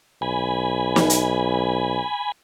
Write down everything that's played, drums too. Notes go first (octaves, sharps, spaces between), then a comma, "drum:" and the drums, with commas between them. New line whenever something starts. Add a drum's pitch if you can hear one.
B1 G#5 B5
drum: snare
drum: hi-hat